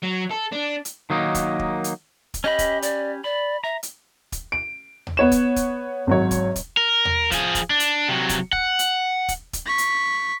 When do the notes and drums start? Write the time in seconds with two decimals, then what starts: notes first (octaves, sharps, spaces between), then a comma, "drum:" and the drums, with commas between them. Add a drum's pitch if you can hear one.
0.03 F#3
0.31 A4
0.53 D4
0.85 drum: hi-hat
1.10 D#3 F#3 A#3 D#4
1.35 drum: kick, hi-hat
1.59 drum: kick
1.84 drum: hi-hat
2.34 drum: kick, hi-hat
2.44 C#4 G4 D#5 B5
2.59 drum: kick, hi-hat
2.82 D5, drum: hi-hat
3.24 D5 B5
3.64 E5 A#5
3.83 drum: hi-hat
4.32 drum: kick, hi-hat
4.52 D7
5.07 drum: tom D#2
5.17 B3 C#5 E7
5.32 drum: kick, hi-hat
5.56 drum: kick, hi-hat
6.07 G#1 F#3 C#5
6.31 drum: kick, hi-hat
6.56 drum: kick, hi-hat
6.77 A#4
7.05 drum: tom D#2
7.32 F3 G#4, drum: kick, hi-hat
7.55 drum: kick, hi-hat
7.70 D4
7.80 drum: hi-hat
8.09 C3 F#3
8.29 drum: kick, hi-hat
8.53 F#5, drum: kick
8.79 drum: hi-hat
9.28 drum: kick, hi-hat
9.53 drum: kick, hi-hat
9.66 C#6 B6
9.78 drum: hi-hat